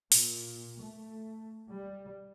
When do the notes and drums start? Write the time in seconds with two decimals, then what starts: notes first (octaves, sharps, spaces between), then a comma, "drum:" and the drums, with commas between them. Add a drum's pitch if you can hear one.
0.12 A#2, drum: open hi-hat
0.81 A3
1.69 G3